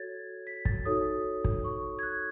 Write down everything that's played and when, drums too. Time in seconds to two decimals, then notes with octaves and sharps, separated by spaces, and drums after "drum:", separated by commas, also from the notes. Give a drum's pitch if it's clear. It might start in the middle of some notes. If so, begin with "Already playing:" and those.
Already playing: F#4 A4 C#5 G#6 A6
0.47 B6
0.65 A6, drum: kick
0.85 D#4 F#4 A4 C#5 D#6
1.44 drum: kick
1.64 C#6
1.99 G#6
2.03 F#6